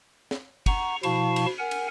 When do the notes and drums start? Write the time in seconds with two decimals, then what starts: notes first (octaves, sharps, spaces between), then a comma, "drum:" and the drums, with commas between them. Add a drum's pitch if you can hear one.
0.31 drum: snare
0.66 F#5 A#5 C#6, drum: kick, cymbal
1.03 B2 F3 E4 F5 A5 C#6, drum: cymbal
1.36 drum: cymbal
1.58 A#4 F#5 G#5
1.71 drum: cymbal